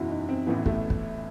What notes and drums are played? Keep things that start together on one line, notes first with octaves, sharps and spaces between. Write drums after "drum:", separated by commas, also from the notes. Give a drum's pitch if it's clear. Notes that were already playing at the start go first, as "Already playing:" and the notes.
Already playing: F#1 E2 B2 E4 F#4
D#4
C4
A1 A2 E3 B3
A3, drum: kick
drum: kick